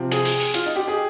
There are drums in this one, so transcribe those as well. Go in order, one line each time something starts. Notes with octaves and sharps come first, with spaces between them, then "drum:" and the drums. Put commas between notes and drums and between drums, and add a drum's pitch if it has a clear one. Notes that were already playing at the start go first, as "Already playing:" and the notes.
Already playing: C3 F3 C4 F4
G#4, drum: hi-hat
drum: open hi-hat
drum: open hi-hat
F4, drum: hi-hat
D#4
G4
G#4